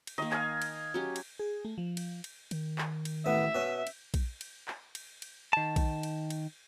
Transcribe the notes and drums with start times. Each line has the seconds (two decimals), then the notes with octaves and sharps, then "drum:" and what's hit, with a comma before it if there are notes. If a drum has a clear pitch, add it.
0.07 drum: cymbal
0.18 D#3 A#3 D#5
0.31 F5 G#5, drum: clap
0.62 drum: cymbal
0.94 F#3 C#4 G4
1.16 drum: cymbal
1.39 G#4
1.65 A3
1.78 F3
1.97 drum: cymbal
2.24 drum: cymbal
2.51 D#3, drum: cymbal
2.78 drum: clap
3.05 drum: cymbal
3.26 A1 B3 E5
3.55 B2 C#4
3.87 drum: cymbal
4.14 drum: kick A#1, cymbal
4.41 drum: cymbal
4.68 drum: clap
4.95 drum: cymbal
5.22 drum: cymbal
5.53 D#3 A5
5.76 drum: kick A#1, cymbal
6.03 drum: cymbal
6.30 drum: cymbal